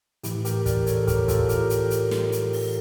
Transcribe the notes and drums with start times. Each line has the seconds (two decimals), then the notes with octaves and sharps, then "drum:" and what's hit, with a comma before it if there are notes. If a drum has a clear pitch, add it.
0.23 A2 E3 E4 G4, drum: hi-hat
0.45 G4 A#4, drum: hi-hat
0.66 A#4 D5, drum: kick, hi-hat
0.86 A4 C#5, drum: hi-hat
1.07 G4 A#4, drum: kick, hi-hat
1.28 F4 A4, drum: kick, hi-hat
1.49 G4 A#4, drum: hi-hat
1.70 drum: hi-hat
1.90 drum: hi-hat
2.11 drum: snare
2.32 drum: hi-hat
2.53 drum: open hi-hat